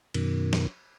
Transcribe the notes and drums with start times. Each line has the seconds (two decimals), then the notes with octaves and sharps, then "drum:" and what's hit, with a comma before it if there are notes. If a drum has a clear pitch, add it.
0.14 F#2 B2 D#3, drum: cymbal
0.53 drum: snare